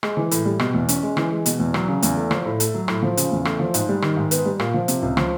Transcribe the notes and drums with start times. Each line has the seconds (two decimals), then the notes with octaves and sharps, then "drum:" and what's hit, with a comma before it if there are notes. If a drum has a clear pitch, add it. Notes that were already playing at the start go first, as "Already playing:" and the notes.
0.03 G#3, drum: rim click
0.17 E3
0.31 A2, drum: hi-hat
0.46 G3
0.59 B2, drum: rim click
0.74 E2
0.89 C#4, drum: hi-hat
1.03 G#3
1.17 E3, drum: rim click
1.31 G#3
1.46 B2, drum: hi-hat
1.60 E2
1.74 F#3, drum: rim click
1.88 C#3
2.02 E2, drum: hi-hat
2.17 A3
2.31 F3, drum: rim click
2.46 A2
2.60 A3, drum: hi-hat
2.74 F#3
2.88 A2, drum: rim click
3.02 F3
3.17 C#3, drum: hi-hat
3.32 E2
3.45 A3, drum: rim click
3.60 F3
3.74 G#2, drum: hi-hat
3.89 G3
4.02 D#3, drum: rim click
4.17 G#2
4.31 B3, drum: hi-hat
4.45 G3
4.60 A#2, drum: rim click
4.74 F3
4.88 C3, drum: hi-hat
5.02 C#2
5.17 F3, drum: rim click